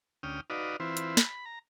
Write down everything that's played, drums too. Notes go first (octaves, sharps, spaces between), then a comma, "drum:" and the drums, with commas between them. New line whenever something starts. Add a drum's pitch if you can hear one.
D2 C#4 G5 D#6 F6
D#4 F#4 B4 D5 D#5 F5
E3 C4 E4 F4 B4 C5
drum: hi-hat
B5, drum: snare
A#5